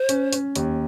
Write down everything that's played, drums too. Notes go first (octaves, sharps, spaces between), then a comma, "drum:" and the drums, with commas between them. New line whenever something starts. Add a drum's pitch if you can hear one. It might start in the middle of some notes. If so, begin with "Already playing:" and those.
Already playing: C5
C#4, drum: hi-hat
C#4, drum: hi-hat
D#2, drum: hi-hat